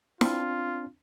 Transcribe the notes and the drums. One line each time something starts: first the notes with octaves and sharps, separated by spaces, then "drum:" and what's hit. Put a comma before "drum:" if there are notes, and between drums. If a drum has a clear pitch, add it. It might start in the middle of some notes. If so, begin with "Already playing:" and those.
C4 D4 F4, drum: snare